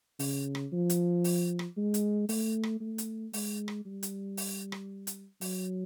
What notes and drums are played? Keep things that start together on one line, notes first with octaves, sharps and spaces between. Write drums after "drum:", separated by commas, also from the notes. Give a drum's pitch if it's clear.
C#3, drum: open hi-hat
drum: rim click
F3
drum: hi-hat
drum: open hi-hat
drum: rim click
G#3
drum: hi-hat
A3, drum: open hi-hat
drum: rim click
A3
drum: hi-hat
G#3, drum: open hi-hat
drum: rim click
G3
drum: hi-hat
drum: open hi-hat
drum: rim click
drum: hi-hat
F#3, drum: open hi-hat